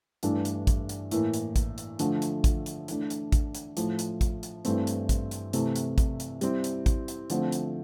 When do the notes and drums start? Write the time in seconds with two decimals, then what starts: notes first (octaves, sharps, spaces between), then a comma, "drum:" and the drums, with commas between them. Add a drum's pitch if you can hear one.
0.23 G2 E3 A3 D4 A4, drum: hi-hat
0.45 drum: hi-hat
0.67 drum: kick A1, hi-hat
0.89 drum: hi-hat
1.11 A2 E3 A#3, drum: hi-hat
1.34 drum: hi-hat
1.56 drum: kick A1, hi-hat
1.78 drum: hi-hat
1.99 D3 F3 A3 D4, drum: hi-hat
2.22 drum: hi-hat
2.44 drum: kick A1, hi-hat
2.66 drum: hi-hat
2.88 E3 A3 D4, drum: hi-hat
3.10 drum: hi-hat
3.32 drum: kick A1, hi-hat
3.55 drum: hi-hat
3.77 A2 F3 A3, drum: hi-hat
3.99 drum: hi-hat
4.21 drum: kick A1, hi-hat
4.43 drum: hi-hat
4.65 G2 E3 A3 C4, drum: hi-hat
4.87 drum: hi-hat
5.09 drum: kick A1, hi-hat
5.31 drum: hi-hat
5.53 C3 E3 A3, drum: hi-hat
5.76 drum: hi-hat
5.98 drum: kick A1, hi-hat
6.20 drum: hi-hat
6.41 G3 C4 E4, drum: hi-hat
6.64 drum: hi-hat
6.86 drum: kick A1, hi-hat
7.08 drum: hi-hat
7.30 D3 F3 A3 C4, drum: hi-hat
7.52 drum: hi-hat